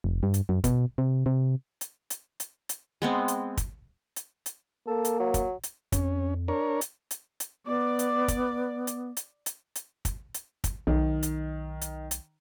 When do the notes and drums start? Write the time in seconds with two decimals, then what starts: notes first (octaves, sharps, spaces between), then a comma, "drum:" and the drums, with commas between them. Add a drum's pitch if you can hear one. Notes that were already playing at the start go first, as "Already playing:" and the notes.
0.04 F1
0.23 G2
0.34 drum: hi-hat
0.49 F#2
0.64 B2, drum: kick, hi-hat
0.98 C3
1.26 C3
1.81 drum: hi-hat
2.10 drum: hi-hat
2.40 drum: hi-hat
2.69 drum: hi-hat
3.02 G#3 B3 C4
3.28 drum: hi-hat
3.57 drum: kick, hi-hat
4.16 drum: hi-hat
4.46 drum: hi-hat
4.87 A#3 A4
5.05 drum: hi-hat
5.19 F#3
5.34 drum: kick, hi-hat
5.63 drum: hi-hat
5.92 F2 C#4, drum: kick, hi-hat
6.48 D4 A#4 C#5
6.81 drum: hi-hat
7.11 drum: hi-hat
7.40 drum: hi-hat
7.66 B3 D5
7.99 drum: hi-hat
8.28 drum: kick, hi-hat
8.87 drum: hi-hat
9.17 drum: hi-hat
9.46 drum: hi-hat
9.75 drum: hi-hat
10.05 drum: kick, hi-hat
10.34 drum: hi-hat
10.64 drum: kick, hi-hat
10.87 B1 D#3
11.23 drum: hi-hat
11.81 drum: hi-hat
12.11 drum: hi-hat